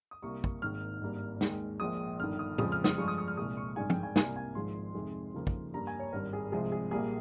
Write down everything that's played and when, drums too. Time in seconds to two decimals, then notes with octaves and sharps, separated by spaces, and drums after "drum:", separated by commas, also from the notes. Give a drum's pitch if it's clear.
0.11 D#6
0.22 C2 C3 G3 A#3 C#6
0.44 drum: kick
0.62 G#1 G#2 D#3 A#3 F6
1.01 G#1 G2 G3 A#3
1.41 D#2 D#3 G#3, drum: snare
1.80 A#1 A#2 F3 G#3 D#6
2.20 G1 G2 D#3 F6
2.39 D#6
2.58 F2 C#3 F3 G#3 D#6, drum: tom
2.72 F6
2.84 D#6, drum: snare
2.98 G2 F3 G#3 C#6
3.08 D#6
3.18 D#6
3.28 F6
3.37 C2 A#2 G#3 D#6
3.57 C#6
3.76 G#1 G2 D#3 G#3 G#5
3.90 G5, drum: tom
4.03 G#5
4.16 C2 C3 G3 A#3 G#5, drum: snare
4.36 G#5
4.55 G#1 G#2 F3 G#3 C6
4.94 F2 C3 D#3 G#3
5.34 D#2 C#3 F3 A#3
5.47 drum: kick
5.73 G2 G3 A#3 A#5
5.87 G#5
5.99 C#5
6.13 G#1 G2 G3 A#4
6.33 G#4
6.52 C2 C3 F3 G#3 G#4
6.72 G#4
6.91 A#1 A#2 G3 A#3 G#4